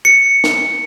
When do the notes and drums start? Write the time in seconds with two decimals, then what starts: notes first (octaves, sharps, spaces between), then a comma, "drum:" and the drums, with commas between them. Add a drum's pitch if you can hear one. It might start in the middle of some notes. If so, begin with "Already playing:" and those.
0.05 C#7
0.44 drum: snare